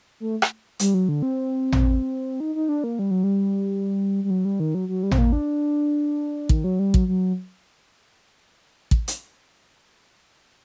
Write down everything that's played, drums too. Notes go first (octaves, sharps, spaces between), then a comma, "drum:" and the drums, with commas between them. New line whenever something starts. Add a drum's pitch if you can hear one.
A3
drum: rim click
G3, drum: hi-hat
F#3
D3
C4
drum: tom
D#4
D#4
D4
A#3
G3
F#3
G3
G3
F#3
G3
D#3
F#3
F#3
G3
C4, drum: tom
A#3
D4
D#3, drum: kick
F#3
G3
F#3, drum: kick
F#3
drum: kick
drum: hi-hat